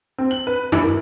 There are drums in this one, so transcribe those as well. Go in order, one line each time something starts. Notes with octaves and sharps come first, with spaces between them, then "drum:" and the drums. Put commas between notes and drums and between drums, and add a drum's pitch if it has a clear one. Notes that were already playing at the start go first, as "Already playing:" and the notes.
C4
F#7
B4
E4, drum: tom F#2
A#4